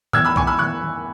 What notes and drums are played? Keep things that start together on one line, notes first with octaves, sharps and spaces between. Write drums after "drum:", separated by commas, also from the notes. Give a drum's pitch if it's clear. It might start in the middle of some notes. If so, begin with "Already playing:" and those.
E2 E6 G#6, drum: tom A2
B5 E6
E2 G#5 C#6, drum: kick B1
B5 E6
E2 C#6 F#6
E2